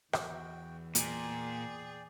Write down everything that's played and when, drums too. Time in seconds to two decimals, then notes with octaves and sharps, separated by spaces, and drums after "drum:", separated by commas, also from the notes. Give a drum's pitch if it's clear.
0.13 E2 F#4 G5, drum: rim click
0.95 A#2 G#4 D5 G5, drum: hi-hat